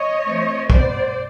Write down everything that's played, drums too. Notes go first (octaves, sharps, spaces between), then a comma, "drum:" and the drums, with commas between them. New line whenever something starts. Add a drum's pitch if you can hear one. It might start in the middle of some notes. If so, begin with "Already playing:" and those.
Already playing: C#5 D#5
E3 A3 C4
B2 G3 B3 C5 D5, drum: kick